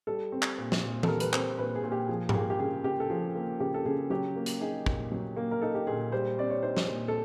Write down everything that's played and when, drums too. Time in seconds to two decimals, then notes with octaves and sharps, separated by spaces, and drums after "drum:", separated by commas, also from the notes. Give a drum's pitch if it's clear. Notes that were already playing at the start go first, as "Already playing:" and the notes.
0.07 G3 A4
0.32 C4
0.42 drum: clap
0.58 A#2
0.72 drum: snare
0.83 A#2
1.03 A4, drum: tom E3
1.07 G3 A#4
1.20 B4, drum: hi-hat
1.33 C4 C5, drum: clap
1.58 A#2 B4
1.75 G#4
1.84 A#2
1.92 G4
2.09 F3 G#4
2.29 G4, drum: tom G#2
2.34 A#3 G#4
2.50 G4
2.59 C#3 G#4
2.84 C#3 G4
3.00 A4
3.10 F3 G#4
3.35 A#3
3.60 C#3 G4
3.74 A4
3.85 C#3 G#4
4.10 F#3 G4
4.36 A#3
4.46 drum: hi-hat
4.61 D#4 G#4
4.86 A#2, drum: kick
5.12 F#3
5.37 A#3
5.51 A#4
5.62 D#4 A4
5.75 G4
5.87 A#2 G#4
6.12 G3 C5
6.38 C4 D5
6.50 C#5
6.63 D#4 C5
6.77 drum: snare
6.88 A#2
7.08 A4